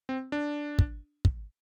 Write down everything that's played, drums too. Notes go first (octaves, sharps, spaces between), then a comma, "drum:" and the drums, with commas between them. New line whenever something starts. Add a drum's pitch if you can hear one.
C4
D4
drum: kick
drum: kick